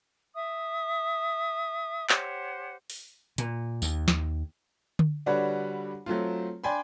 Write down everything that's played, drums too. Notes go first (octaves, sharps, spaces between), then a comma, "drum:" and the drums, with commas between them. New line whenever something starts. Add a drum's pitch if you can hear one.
E5 D#6
G4 C5 C#5 F#5, drum: clap
drum: open hi-hat
A#2, drum: hi-hat
D#2, drum: tambourine
drum: snare
drum: tom D3
D3 G3 D4 F#4 B4 C#5
F#3 A3 C4 F4
D4 D5 G5 G#5 B5 C6